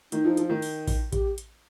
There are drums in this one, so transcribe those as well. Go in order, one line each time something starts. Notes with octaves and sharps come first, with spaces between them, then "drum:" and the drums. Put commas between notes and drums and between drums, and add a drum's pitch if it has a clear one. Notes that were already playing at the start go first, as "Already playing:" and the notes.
D#3 D#4, drum: hi-hat
F3
F3, drum: hi-hat
D#3
drum: open hi-hat
drum: kick A1, open hi-hat
G4, drum: kick A1, hi-hat
drum: hi-hat